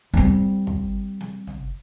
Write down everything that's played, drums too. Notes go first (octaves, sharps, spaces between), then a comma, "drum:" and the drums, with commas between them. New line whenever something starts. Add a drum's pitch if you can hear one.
G3 C4
drum: kick
drum: snare
drum: tom